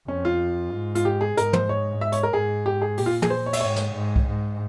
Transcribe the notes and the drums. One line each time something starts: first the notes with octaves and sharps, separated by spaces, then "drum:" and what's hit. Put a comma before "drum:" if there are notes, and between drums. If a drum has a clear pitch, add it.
F2 C#4
F4
G#2
F4, drum: hi-hat
G4
G#4
G#2 A#4, drum: hi-hat
C5, drum: tom
C#5
E5
C#5, drum: hi-hat
A#4
G#2 G#4
G4
G#4
A#2 G4, drum: open hi-hat
F4
G#4, drum: tom
C5
C#5
E5, drum: cymbal
G#2 C#5
drum: snare
G#2
drum: kick C2
G#2